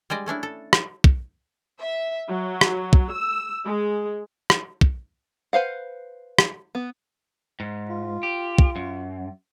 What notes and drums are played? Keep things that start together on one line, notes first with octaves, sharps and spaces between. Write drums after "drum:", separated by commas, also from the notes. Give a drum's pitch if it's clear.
G3 G#3 D5 D#5
A3 C#4 D4 E4
A4
drum: rim click
drum: kick
E5
F#3
drum: rim click
drum: kick
E6
G#3
drum: rim click
drum: kick
B4 C5 F5 F#5
drum: rim click
B3
G#2
F4
G4
drum: kick
F#2